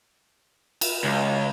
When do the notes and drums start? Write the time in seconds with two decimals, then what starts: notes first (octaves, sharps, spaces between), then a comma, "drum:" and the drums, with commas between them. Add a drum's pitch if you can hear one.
0.81 drum: cymbal
1.04 C#2